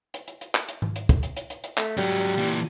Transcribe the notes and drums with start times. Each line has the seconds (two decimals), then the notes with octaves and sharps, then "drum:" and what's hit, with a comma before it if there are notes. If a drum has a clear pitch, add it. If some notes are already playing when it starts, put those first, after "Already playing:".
0.14 drum: hi-hat
0.28 drum: hi-hat
0.41 drum: hi-hat
0.55 drum: clap
0.68 drum: hi-hat
0.82 drum: tom G#2
0.96 drum: hi-hat
1.09 drum: kick, hi-hat
1.23 drum: hi-hat
1.37 drum: hi-hat
1.50 drum: hi-hat
1.64 drum: hi-hat
1.77 A3, drum: clap
1.97 G#2 F#3 G3
2.18 drum: hi-hat
2.38 A#2 E3